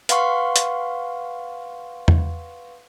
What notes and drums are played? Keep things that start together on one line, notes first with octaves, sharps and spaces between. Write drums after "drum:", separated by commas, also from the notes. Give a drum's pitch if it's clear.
B4 F5 F#5 C6 C#6, drum: hi-hat
drum: hi-hat
drum: tom E2